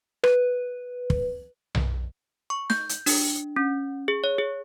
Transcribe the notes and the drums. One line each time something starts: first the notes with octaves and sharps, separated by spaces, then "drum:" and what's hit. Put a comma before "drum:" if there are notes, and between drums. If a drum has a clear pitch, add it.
B4, drum: rim click
drum: kick
drum: tom B1
C#6
G6, drum: snare
drum: hi-hat
D4, drum: open hi-hat
C#4
G#4
C#5
G#4